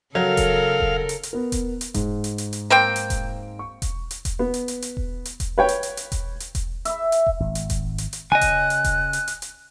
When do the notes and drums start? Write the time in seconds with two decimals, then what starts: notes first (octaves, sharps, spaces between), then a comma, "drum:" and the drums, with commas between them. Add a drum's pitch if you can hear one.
0.15 C#3 F#3 A4 A#4 F5
0.37 drum: kick E1, hi-hat
0.80 drum: kick E1
1.09 drum: hi-hat
1.23 drum: hi-hat
1.33 B3 A#4
1.52 drum: kick E1, hi-hat
1.81 drum: hi-hat
1.94 G#2, drum: kick E1, hi-hat
2.24 drum: hi-hat
2.38 drum: hi-hat
2.53 drum: hi-hat
2.70 A#3 C4 G5
2.96 drum: hi-hat
3.10 drum: kick E1, hi-hat
3.59 C#6
3.82 drum: kick E1, hi-hat
4.11 drum: hi-hat
4.25 drum: kick E1, hi-hat
4.39 B3
4.54 drum: hi-hat
4.68 drum: hi-hat
4.82 drum: hi-hat
4.97 drum: kick E1
5.25 drum: hi-hat
5.40 drum: kick E1, hi-hat
5.58 B4 C#5 G5
5.69 drum: hi-hat
5.83 drum: hi-hat
5.97 drum: hi-hat
6.12 drum: kick E1, hi-hat
6.40 drum: hi-hat
6.55 drum: kick E1, hi-hat
6.85 E5, drum: hi-hat
7.12 drum: hi-hat
7.27 drum: kick E1
7.40 G#1
7.55 drum: hi-hat
7.70 drum: kick E1, hi-hat
7.98 drum: hi-hat
8.13 drum: hi-hat
8.32 C#3 D#5 G#5 F#6
8.41 drum: kick E1, hi-hat
8.70 drum: hi-hat
8.85 drum: kick E1, hi-hat
9.13 drum: hi-hat
9.28 drum: hi-hat
9.42 drum: hi-hat